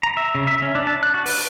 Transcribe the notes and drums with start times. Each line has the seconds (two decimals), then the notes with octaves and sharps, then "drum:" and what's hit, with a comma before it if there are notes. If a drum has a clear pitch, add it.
0.03 A#5
0.17 E5
0.35 C#3
0.47 E5
0.62 C#4
0.75 D4
0.87 A5
1.03 F#6
1.14 F#4
1.26 B4, drum: open hi-hat